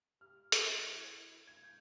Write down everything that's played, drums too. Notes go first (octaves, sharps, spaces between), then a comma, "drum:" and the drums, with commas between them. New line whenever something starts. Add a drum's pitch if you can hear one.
G4 F6
F#4 F#6, drum: hi-hat
E4 G#6
G#6
G6